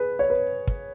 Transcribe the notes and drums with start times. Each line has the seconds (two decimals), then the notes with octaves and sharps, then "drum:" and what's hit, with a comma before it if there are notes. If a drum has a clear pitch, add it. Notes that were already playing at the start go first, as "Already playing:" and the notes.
Already playing: G#4 B4
0.19 C#5
0.30 B4
0.67 drum: kick